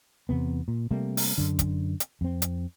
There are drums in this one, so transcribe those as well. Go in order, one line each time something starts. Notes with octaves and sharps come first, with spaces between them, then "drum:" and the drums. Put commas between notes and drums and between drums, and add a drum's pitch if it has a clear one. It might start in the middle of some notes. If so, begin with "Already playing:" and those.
E2 C3 B3
A#2
C3 G3 A3 A#3
drum: open hi-hat
F#2 D3
drum: kick, hi-hat
drum: hi-hat
F2 C4
drum: hi-hat